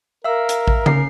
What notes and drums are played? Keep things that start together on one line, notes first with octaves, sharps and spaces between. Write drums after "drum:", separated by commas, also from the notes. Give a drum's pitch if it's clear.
A#4 E5 F5 E6
drum: hi-hat
drum: kick A1
C#4 C7, drum: tom C#3